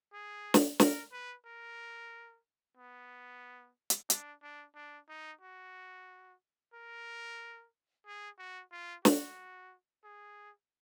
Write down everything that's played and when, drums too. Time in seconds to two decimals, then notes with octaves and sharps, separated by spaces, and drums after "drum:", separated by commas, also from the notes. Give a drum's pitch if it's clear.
0.13 G#4
0.54 drum: snare
0.80 A#4, drum: snare
1.12 B4
1.46 A#4
2.77 B3
3.90 drum: hi-hat
4.10 D4, drum: hi-hat
4.42 D4
4.75 D4
5.09 D#4
5.41 F#4
6.74 A#4
8.06 G#4
8.39 F#4
8.72 F4
9.05 F#4, drum: snare
10.04 G#4